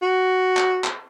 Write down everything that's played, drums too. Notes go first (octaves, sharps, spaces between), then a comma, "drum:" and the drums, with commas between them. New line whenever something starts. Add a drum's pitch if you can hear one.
F#4
drum: clap
drum: clap